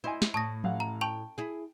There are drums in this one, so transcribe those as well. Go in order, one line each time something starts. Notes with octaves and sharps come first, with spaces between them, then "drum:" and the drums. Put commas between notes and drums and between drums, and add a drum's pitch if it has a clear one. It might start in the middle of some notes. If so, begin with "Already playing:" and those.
E4 C5 D#5 G#5
drum: snare
A2 A5 C#6 D#6 A#6
A1 F5 F#5, drum: tom F3
A#5
G5 A5 C#6 F7
E4 G#4